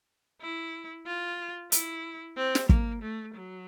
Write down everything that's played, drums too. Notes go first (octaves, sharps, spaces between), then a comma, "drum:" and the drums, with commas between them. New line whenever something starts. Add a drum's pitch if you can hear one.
E4
F4
E4, drum: hi-hat
C4
drum: snare
A#3, drum: kick
A3
F#3